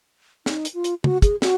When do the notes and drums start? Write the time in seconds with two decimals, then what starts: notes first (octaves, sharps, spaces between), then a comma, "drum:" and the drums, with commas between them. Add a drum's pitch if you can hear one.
0.46 D#4, drum: snare
0.65 drum: hi-hat
0.74 F4
0.84 drum: hi-hat
1.04 F#4, drum: tom
1.22 G#4, drum: kick, hi-hat
1.42 F#4, drum: snare